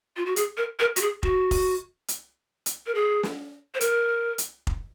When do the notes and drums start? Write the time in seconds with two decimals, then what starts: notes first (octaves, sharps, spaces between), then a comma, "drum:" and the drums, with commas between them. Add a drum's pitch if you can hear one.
0.17 F4
0.26 F#4
0.36 G#4, drum: hi-hat
0.57 A#4
0.79 A#4
0.96 F#4, drum: hi-hat
1.01 G#4
1.23 F#4, drum: kick F1
1.51 drum: kick F1, open hi-hat
2.08 drum: hi-hat
2.66 drum: hi-hat
2.86 A#4
2.95 G#4
3.23 drum: snare
3.75 C5
3.81 A#4, drum: hi-hat
4.38 drum: hi-hat
4.67 drum: kick F1